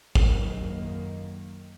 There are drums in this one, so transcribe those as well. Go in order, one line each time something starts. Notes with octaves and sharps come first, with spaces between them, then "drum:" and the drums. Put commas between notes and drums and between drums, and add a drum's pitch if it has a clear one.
F#2 D#3 F#3 A#3, drum: kick